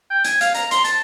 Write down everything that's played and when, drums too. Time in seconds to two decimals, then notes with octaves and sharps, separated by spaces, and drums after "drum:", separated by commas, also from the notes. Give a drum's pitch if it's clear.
0.10 G5
0.24 G#5, drum: hi-hat
0.41 F5, drum: hi-hat
0.55 A#5, drum: hi-hat
0.71 C6, drum: hi-hat
0.85 A5, drum: hi-hat